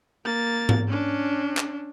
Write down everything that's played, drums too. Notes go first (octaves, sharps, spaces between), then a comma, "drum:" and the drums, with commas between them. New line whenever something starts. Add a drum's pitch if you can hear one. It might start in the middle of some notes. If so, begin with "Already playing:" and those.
A#3 A6
drum: tom G#2
C#4 D4
drum: clap